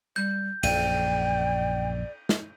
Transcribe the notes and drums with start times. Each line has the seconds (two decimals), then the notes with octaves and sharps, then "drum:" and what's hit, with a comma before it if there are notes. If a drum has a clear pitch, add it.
0.16 G3 G6
0.63 A#1 F#2 D5 G5 D#7, drum: cymbal
2.29 drum: snare